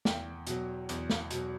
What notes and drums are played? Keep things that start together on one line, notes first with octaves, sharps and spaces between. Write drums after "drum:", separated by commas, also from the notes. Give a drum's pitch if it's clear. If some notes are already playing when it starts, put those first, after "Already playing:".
E2 G5, drum: snare
B2 F#3, drum: hi-hat
E2, drum: hi-hat
drum: snare
B2 F#3, drum: hi-hat